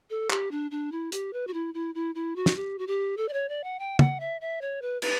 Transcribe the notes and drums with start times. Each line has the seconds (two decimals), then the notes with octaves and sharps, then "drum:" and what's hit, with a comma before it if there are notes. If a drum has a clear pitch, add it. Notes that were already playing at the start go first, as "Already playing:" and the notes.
0.10 A4
0.30 G4, drum: clap
0.51 D4
0.71 D4
0.92 E4
1.12 G4, drum: hi-hat
1.33 B4
1.47 F#4
1.54 E4
1.74 E4
1.95 E4
2.15 E4
2.36 F#4
2.46 drum: snare
2.56 G4
2.79 F#4
2.87 G4
3.17 A4
3.28 D5
3.33 C#5
3.49 D5
3.64 F#5
3.79 G5
3.99 F#5, drum: tom
4.20 E5
4.41 E5
4.61 C#5
4.82 B4
5.02 B4, drum: cymbal